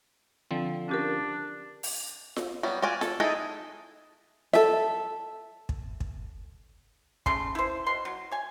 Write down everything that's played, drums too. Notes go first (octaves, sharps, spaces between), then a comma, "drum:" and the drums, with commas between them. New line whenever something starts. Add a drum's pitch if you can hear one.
D3 F3 C4
C#4 D4 G4 A#4
drum: open hi-hat
drum: snare F4
F#3 G3 B3
F4 F#4 D5 G#5
A4, drum: snare F4
D#4 E4 G#4 A4 D#5
A4 E5, drum: snare F4
drum: kick
drum: kick
C#3 A3 C6, drum: kick
E4 C5
B2 C6
F#3
C#5 G#5